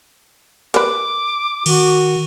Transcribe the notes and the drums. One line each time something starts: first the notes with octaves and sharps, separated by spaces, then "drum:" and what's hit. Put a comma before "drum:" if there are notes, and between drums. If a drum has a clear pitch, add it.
A#4 B4 D6, drum: hi-hat
D#3 F#4, drum: cymbal